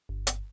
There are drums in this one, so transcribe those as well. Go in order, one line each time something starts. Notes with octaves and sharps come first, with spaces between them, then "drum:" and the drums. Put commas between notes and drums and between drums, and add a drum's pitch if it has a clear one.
G1
drum: hi-hat